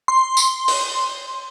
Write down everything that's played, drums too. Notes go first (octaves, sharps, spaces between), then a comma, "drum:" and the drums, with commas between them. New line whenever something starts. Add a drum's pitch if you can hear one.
C6
drum: tambourine
drum: open hi-hat